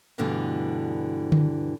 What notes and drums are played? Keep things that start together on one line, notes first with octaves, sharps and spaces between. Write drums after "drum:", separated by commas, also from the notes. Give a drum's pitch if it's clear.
D2 G2 B2 D3 E3
drum: tom D3